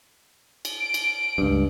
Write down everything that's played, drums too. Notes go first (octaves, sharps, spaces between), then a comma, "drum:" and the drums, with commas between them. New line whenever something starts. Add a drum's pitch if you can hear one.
drum: cymbal
D7
drum: cymbal
C#2 G2